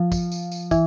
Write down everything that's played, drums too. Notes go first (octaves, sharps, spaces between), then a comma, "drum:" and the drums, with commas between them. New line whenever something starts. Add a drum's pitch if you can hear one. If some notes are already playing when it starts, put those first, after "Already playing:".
Already playing: F3
drum: kick, tambourine
drum: tambourine
drum: tambourine
E3, drum: kick, tambourine